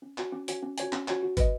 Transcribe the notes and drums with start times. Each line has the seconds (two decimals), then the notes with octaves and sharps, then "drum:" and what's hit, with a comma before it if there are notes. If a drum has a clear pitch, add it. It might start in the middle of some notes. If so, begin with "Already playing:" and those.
0.02 C#4
0.18 F#4 C#5 G#5, drum: clap
0.32 C#4
0.48 F#4 C#5 G#5, drum: hi-hat
0.63 C#4
0.78 F#4 C#5 G#5, drum: hi-hat
0.93 C#4, drum: clap
1.08 F#4 C#5 G#5, drum: clap
1.23 F#4
1.37 B4 D#5, drum: kick, hi-hat